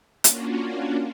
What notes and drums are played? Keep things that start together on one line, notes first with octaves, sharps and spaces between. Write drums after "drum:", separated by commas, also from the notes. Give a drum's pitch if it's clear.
A#3 C#4 D4 F4 F#4, drum: hi-hat